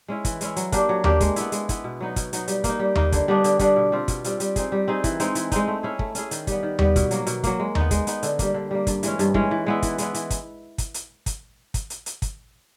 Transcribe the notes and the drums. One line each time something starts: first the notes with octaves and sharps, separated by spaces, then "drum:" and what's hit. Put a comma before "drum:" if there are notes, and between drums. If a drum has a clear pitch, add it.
G#3 C#4 E4
E3, drum: kick, hi-hat
G#3 C#4 E4, drum: hi-hat
F#3, drum: hi-hat
A#3 D4 G4, drum: kick, hi-hat
F#3
A#3 D4 G4, drum: tom D#2
G#3, drum: kick, hi-hat
B3 E4, drum: hi-hat
G#3, drum: hi-hat
B3 E4, drum: kick, hi-hat
B2
F#3 B3 D#4
B2, drum: kick, hi-hat
F#3 B3 D#4, drum: hi-hat
G3, drum: hi-hat
A#3, drum: kick, hi-hat
D#4
G3
A#3 D#4, drum: tom D#2
D3, drum: kick, hi-hat
G3 B3 D4
D3, drum: hi-hat
G3 B3 D4, drum: kick, hi-hat
B2
G3 C4 F4
B2, drum: kick, hi-hat
G3 C4 F4, drum: hi-hat
G3, drum: hi-hat
C4 D#4 G#4, drum: kick, hi-hat
G3
C4 D#4 G#4
E3, drum: kick, hi-hat
G#3 C4 D#4, drum: hi-hat
E3, drum: hi-hat
G#3 C4 D#4, drum: kick, hi-hat
A3
C#4 E4 G#4
A3, drum: kick
C#4 E4 G#4, drum: hi-hat
D#3, drum: hi-hat
G3 B3, drum: kick, hi-hat
D#3
G3 B3, drum: tom D#2
B2, drum: kick, hi-hat
F#3 A#3, drum: hi-hat
B2, drum: hi-hat
F#3 A#3, drum: kick, hi-hat
G#3
B3 D#4, drum: tom D#2
G#3, drum: kick, hi-hat
B3 D#4, drum: hi-hat
D3, drum: hi-hat
G3 A#3, drum: kick, hi-hat
D3
G3 A#3
G2, drum: kick, hi-hat
E3 G#3 C#4, drum: hi-hat
G2, drum: hi-hat
E3 G#3 C#4, drum: kick
E3
G#3 B3 E4
E3, drum: kick, hi-hat
G#3 B3 E4, drum: hi-hat
E3, drum: hi-hat
drum: kick, hi-hat
drum: kick, hi-hat
drum: hi-hat
drum: kick, hi-hat
drum: kick, hi-hat
drum: hi-hat
drum: hi-hat
drum: kick, hi-hat